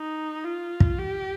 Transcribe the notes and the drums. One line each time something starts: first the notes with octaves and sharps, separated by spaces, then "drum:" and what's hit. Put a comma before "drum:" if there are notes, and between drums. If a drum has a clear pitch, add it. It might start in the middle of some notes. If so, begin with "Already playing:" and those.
Already playing: D#4
F4
drum: kick
G4